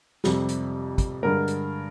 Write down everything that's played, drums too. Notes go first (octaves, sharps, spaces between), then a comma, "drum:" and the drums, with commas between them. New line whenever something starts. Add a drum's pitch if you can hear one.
F2 C3 G3, drum: snare
drum: hi-hat
drum: kick, hi-hat
G2 D3 G#3 A#4
drum: hi-hat